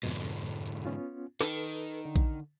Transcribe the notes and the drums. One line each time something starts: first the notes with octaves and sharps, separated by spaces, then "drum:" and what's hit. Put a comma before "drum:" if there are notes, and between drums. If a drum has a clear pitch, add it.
F2 G#2 B2 D3
drum: hi-hat
B3 C#4 F4
D#3 A4 B4, drum: snare
D3
drum: kick A#1, hi-hat